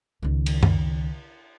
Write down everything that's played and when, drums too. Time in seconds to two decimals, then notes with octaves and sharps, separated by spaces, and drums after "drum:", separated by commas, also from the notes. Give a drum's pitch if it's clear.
0.22 C#2 D#3
0.46 drum: cymbal
0.63 drum: tom F#2